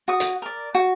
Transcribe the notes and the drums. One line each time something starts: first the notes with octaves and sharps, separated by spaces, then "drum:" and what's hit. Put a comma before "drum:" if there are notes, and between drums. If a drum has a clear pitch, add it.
F#4 D#6
drum: hi-hat
A#4 D5
F#4